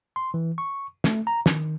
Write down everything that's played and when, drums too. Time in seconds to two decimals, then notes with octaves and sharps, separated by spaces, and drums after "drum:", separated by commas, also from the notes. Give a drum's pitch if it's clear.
0.16 C6
0.34 E3
0.58 C#6
1.04 A3, drum: snare
1.27 A#5
1.46 D#3, drum: snare